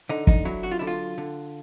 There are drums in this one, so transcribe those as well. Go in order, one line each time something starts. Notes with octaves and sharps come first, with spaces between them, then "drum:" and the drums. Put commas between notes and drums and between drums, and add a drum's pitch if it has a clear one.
D3 D#4
D#4, drum: kick
F#3 E4
F#4
F4
D3 E4
F4
D3